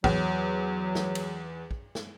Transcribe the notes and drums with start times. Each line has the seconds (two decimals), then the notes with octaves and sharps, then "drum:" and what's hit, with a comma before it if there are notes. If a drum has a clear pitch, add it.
0.04 E2 F#3, drum: kick
0.95 drum: snare
1.15 drum: cymbal
1.71 drum: kick
1.95 drum: snare